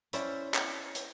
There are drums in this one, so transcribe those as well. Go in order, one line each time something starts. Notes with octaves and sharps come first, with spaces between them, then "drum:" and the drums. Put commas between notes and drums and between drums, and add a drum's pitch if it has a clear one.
C#4 E4 C5 D5, drum: hi-hat
drum: clap
drum: hi-hat